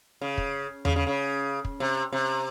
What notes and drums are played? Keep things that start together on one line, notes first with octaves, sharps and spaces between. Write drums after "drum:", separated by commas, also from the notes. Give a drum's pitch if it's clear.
C#3
drum: kick
C#3, drum: tom E2
C#3
C#3
drum: kick
C3
C3